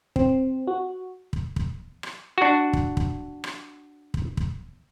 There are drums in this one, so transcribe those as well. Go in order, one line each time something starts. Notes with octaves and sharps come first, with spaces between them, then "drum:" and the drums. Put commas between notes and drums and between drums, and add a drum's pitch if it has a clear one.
C4, drum: kick
F#4
drum: kick
drum: kick
drum: rim click
D4 F#4
drum: kick
drum: kick
drum: rim click
drum: kick
drum: kick